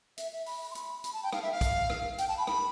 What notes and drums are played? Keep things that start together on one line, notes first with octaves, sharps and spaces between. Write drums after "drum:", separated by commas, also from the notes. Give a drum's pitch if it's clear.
E5, drum: hi-hat
E5
B5, drum: open hi-hat
C6
B5, drum: hi-hat
B5, drum: hi-hat
A5
G5
F5, drum: rim click
E5
F5
drum: kick, hi-hat
drum: rim click
G5, drum: hi-hat
A5
B5
B5, drum: rim click